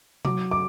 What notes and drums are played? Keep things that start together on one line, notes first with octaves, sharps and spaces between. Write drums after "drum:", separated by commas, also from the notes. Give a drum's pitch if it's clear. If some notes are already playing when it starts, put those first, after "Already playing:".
F#3 D6, drum: tom C3
D6